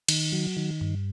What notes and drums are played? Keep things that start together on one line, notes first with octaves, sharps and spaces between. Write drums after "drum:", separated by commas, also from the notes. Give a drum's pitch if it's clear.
D#3, drum: cymbal
F#3
D#3
G2